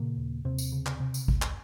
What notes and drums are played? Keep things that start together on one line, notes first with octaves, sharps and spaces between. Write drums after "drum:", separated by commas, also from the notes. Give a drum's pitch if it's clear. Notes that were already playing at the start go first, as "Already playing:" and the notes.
Already playing: A#2 C#3 A#3
D#2
D#2 C3 C4
drum: tambourine
C#3
drum: clap
C3
drum: tambourine
C#2, drum: kick G#1
drum: clap